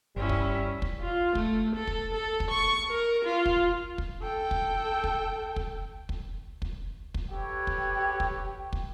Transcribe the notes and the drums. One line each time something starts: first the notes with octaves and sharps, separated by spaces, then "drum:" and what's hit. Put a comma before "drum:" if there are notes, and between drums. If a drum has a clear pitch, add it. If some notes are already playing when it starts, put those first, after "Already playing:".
G1 G3 C#4 E4
drum: kick
drum: kick
F4
A3, drum: kick
A4
drum: kick
A4
drum: kick
C#6
A#4
F4
drum: kick
drum: kick
A4 G5
drum: kick
drum: kick
drum: kick
drum: kick
drum: kick
drum: kick
G4 A4 B4 C#5
drum: kick
drum: kick
drum: kick